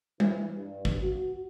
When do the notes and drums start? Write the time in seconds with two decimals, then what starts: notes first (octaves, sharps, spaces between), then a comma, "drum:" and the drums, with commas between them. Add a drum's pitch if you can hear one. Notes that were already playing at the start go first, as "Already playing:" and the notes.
0.20 E3, drum: tom G3
0.55 G2
0.85 drum: kick
1.02 F#4